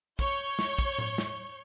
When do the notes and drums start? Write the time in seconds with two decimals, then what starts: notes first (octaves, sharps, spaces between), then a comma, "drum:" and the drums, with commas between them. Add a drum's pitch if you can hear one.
0.19 C#5 C#6 G6, drum: kick
0.59 drum: snare
0.79 drum: kick
0.98 drum: tom A2
1.18 drum: snare